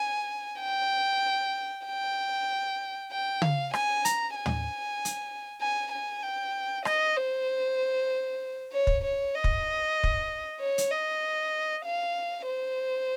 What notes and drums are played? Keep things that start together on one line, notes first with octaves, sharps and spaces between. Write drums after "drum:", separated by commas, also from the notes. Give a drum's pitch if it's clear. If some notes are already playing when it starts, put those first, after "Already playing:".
Already playing: G#5
G5
G5
G5
F5, drum: tom
G#5, drum: rim click
A#5, drum: hi-hat
G#5
drum: tom
drum: hi-hat
G#5
G#5
G5
D#5, drum: rim click
C5
C#5
drum: kick
C#5
D#5
drum: kick
drum: kick
C#5
drum: hi-hat
D#5
F5
C5